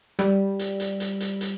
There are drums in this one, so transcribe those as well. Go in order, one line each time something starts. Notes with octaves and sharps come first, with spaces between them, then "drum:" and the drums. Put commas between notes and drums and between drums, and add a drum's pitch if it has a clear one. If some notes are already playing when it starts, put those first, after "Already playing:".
G3, drum: rim click
drum: hi-hat
drum: hi-hat
drum: hi-hat
drum: hi-hat
drum: hi-hat